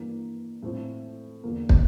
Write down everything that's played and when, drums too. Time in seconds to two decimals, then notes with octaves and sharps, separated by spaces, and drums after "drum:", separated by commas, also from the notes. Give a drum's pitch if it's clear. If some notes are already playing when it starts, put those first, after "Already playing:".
Already playing: G2 E3 A#3
0.63 A2 F3 A3 C4
1.43 E2 D3 F3 A#3
1.69 drum: kick